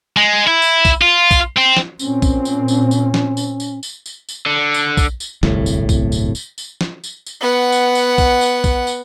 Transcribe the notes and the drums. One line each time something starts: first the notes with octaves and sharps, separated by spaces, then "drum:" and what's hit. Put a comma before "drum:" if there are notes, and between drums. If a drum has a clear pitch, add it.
G#3
E4
drum: tambourine
drum: kick, tambourine
F4
drum: kick, tambourine
C4
drum: snare
A#2 C4 C#4, drum: tambourine
drum: kick, tambourine
drum: tambourine
drum: tambourine
drum: tambourine
drum: snare
drum: tambourine
drum: tambourine
drum: tambourine
drum: tambourine
drum: tambourine
D3
drum: tambourine
drum: kick, tambourine
drum: tambourine
D1 G1 C2 A2, drum: snare
drum: tambourine
drum: kick, tambourine
drum: tambourine
drum: tambourine
drum: tambourine
drum: snare
drum: tambourine
drum: tambourine
B3 F#5
drum: tambourine
drum: tambourine
drum: kick, tambourine
drum: tambourine
drum: kick, tambourine
drum: tambourine